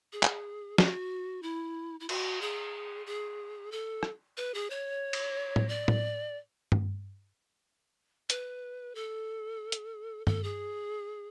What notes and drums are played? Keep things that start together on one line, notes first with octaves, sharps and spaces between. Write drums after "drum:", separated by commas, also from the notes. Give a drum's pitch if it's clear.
G#4
drum: clap
F#4, drum: snare
E4
E4
F#4, drum: cymbal
G#4
G#4
A4
drum: rim click
B4
G#4
C#5
drum: cymbal
drum: tom A2
D5
drum: tom A2
drum: tom G2
B4, drum: hi-hat
A4
drum: hi-hat
A4, drum: tom G2
G#4